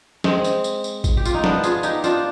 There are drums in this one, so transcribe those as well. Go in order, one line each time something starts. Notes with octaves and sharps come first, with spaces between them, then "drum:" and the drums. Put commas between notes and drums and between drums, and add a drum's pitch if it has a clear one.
G#3 C4, drum: snare
drum: tambourine
drum: tambourine
drum: tambourine
drum: kick G#1, tambourine
G4
F4, drum: tambourine
D#4
B3 D4, drum: snare
F4 G#4, drum: tambourine
D#4 G4, drum: tambourine
D4 F4, drum: tambourine